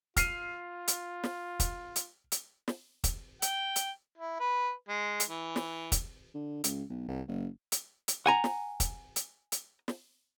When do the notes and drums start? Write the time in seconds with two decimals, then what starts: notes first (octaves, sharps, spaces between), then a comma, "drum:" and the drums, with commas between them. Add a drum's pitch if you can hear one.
0.16 F4 F6 C7 D#7, drum: kick, hi-hat
0.88 drum: hi-hat
1.24 drum: snare
1.60 drum: kick, hi-hat
1.96 drum: hi-hat
2.32 drum: hi-hat
2.68 drum: snare
3.04 drum: kick, hi-hat
3.42 G5, drum: hi-hat
3.76 drum: hi-hat
4.18 E4
4.40 B4
4.88 G#3
5.20 drum: hi-hat
5.29 E3
5.56 drum: snare
5.92 drum: kick, hi-hat
6.35 D3
6.64 C#2, drum: hi-hat
6.90 B1
7.08 C2
7.28 F#1
7.72 drum: hi-hat
8.08 drum: hi-hat
8.26 F#5 G#5 A#5
8.44 drum: snare
8.80 drum: kick, hi-hat
9.16 drum: hi-hat
9.52 drum: hi-hat
9.88 drum: snare